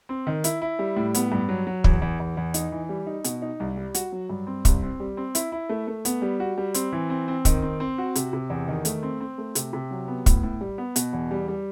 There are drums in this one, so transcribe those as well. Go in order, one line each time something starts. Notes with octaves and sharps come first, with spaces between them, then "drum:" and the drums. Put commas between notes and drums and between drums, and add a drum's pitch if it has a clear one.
C4
D#3
E4, drum: hi-hat
E4
G3
A2
B3, drum: hi-hat
G2
F#3
F#3
E2, drum: kick
E2
E2
E2
D#4, drum: hi-hat
E3
G3
D#4
B2, drum: hi-hat
D#4
C2
G3
F#4, drum: hi-hat
F#3
G2
C4
C2, drum: kick, hi-hat
C4
G3
C4
E4, drum: hi-hat
E4
A3
A3
B3, drum: hi-hat
G3
F#4
G3
C4, drum: hi-hat
E3
C4
C4
D#3, drum: kick, hi-hat
C4
C4
F#4
C3, drum: hi-hat
C3
E2
D#3
A3, drum: hi-hat
C4
C4
A3
C3, drum: hi-hat
C3
F#3
B3
A2, drum: kick, hi-hat
A2
G3
B3
B2, drum: hi-hat
E2
G3
G3